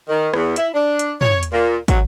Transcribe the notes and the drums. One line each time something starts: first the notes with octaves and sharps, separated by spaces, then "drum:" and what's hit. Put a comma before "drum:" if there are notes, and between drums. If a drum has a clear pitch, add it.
D#3
E2, drum: rim click
E4, drum: hi-hat
D4
drum: hi-hat
C#5, drum: tom
drum: hi-hat
A#2
F#3, drum: kick, hi-hat